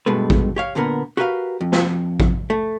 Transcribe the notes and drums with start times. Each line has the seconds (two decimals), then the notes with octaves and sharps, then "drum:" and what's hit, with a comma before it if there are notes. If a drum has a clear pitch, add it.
0.06 G2 B2 G#3 A3 B4
0.30 drum: kick A1
0.56 G4 C#5 F5
0.75 A#2 D3 A#3 B3 A#4
1.17 F#4 G4 A#4 B4 E5 F5
1.61 F2
1.72 drum: snare
2.20 drum: kick A1
2.50 A3